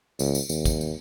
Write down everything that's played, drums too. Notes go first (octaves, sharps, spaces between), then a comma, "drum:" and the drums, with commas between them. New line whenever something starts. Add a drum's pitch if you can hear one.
C#2, drum: tambourine
drum: tambourine
D#2, drum: tambourine
drum: kick, tambourine
drum: tambourine